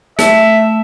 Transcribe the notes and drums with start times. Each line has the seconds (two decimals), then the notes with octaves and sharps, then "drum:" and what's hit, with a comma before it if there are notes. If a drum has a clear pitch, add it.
0.19 A3 E5, drum: snare